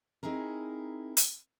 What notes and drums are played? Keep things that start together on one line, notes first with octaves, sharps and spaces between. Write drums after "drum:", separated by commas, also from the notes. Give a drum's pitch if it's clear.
C4 D#4 E4 G#4 A#4
drum: hi-hat